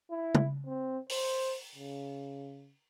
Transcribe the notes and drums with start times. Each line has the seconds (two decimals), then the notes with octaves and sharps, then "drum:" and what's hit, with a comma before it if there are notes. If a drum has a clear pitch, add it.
0.11 E4
0.35 drum: tom C#3
0.66 C4
1.09 C5, drum: open hi-hat
1.76 C#3